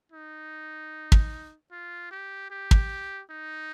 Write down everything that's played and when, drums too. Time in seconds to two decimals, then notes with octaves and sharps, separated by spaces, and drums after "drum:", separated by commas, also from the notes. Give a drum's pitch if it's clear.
0.12 D#4
1.12 drum: kick
1.72 F4
2.11 G4
2.51 G4
2.71 drum: kick
3.31 D#4